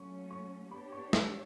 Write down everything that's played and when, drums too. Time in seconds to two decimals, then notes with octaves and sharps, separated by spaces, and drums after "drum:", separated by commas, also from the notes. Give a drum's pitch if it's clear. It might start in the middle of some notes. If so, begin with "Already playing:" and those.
Already playing: F#3 A3 C#4 C#6
0.30 C#6
0.71 B3 D4 G4 C#5 B5
0.92 C#6
1.13 E6, drum: snare